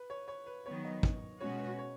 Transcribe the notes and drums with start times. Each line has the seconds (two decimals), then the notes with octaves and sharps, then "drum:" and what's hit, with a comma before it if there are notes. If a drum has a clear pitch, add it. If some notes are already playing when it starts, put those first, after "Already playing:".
Already playing: B4
0.10 C#5
0.28 C#5
0.46 B4
0.65 D#3 F#3 B3 C#5
0.85 D#5
1.03 drum: kick
1.41 B2 G#3 C#4 F#4 C#5
1.59 B4
1.79 C#5